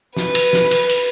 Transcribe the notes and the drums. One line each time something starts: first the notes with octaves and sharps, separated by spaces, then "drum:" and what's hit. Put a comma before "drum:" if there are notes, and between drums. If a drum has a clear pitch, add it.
B4, drum: snare
drum: cymbal
drum: snare
drum: cymbal
drum: cymbal